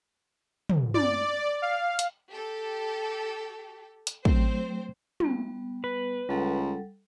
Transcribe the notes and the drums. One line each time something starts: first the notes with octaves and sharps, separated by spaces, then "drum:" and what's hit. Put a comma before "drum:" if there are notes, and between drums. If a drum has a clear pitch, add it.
drum: tom
D5, drum: tom
F5
drum: hi-hat
G4 A4
drum: hi-hat
F#3 A3 C4 C5, drum: kick
G3 B3, drum: tom
B4
C#2 G3 A4 F#5